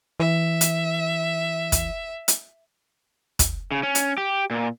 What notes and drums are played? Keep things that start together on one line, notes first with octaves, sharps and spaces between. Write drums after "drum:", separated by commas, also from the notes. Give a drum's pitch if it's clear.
E3 E5
drum: hi-hat
drum: kick, hi-hat
drum: hi-hat
drum: kick, hi-hat
C#3
C#4
drum: hi-hat
G4
A#2